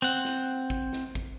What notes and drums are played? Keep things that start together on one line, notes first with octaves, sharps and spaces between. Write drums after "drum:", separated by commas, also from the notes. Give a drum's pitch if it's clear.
C4 F#5
drum: snare
drum: kick
drum: snare
drum: kick